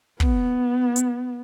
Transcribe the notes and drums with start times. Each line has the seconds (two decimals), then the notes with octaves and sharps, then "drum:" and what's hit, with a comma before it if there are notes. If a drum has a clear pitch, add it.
0.20 B3, drum: kick
0.96 drum: hi-hat